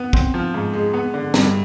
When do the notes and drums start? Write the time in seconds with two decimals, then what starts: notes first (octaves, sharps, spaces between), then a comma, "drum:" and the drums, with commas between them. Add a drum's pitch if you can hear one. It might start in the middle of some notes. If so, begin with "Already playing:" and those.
Already playing: B3
0.13 C4, drum: kick
0.34 F3
0.54 G#2
0.73 G#3
0.94 B3
1.14 D3
1.34 G2, drum: snare